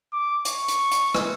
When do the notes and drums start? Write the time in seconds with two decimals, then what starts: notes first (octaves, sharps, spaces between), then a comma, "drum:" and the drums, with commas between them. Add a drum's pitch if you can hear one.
0.13 D6
0.45 C#6, drum: hi-hat
0.68 drum: hi-hat
0.91 drum: hi-hat
1.14 drum: rim click